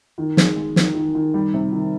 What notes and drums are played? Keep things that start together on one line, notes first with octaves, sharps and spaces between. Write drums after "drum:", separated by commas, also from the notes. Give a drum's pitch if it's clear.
D#3
G#3, drum: snare
G#3
D#3, drum: snare
D#3
D#3
G3
C3
D#3